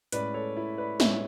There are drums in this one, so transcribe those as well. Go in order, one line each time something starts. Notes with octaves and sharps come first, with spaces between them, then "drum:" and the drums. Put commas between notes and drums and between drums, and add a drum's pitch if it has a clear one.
A2 G#3 C#4 B4 D5, drum: hi-hat
A4 C#5
E4
B4 D5
A2 G#3 C#4 C#5 E5, drum: snare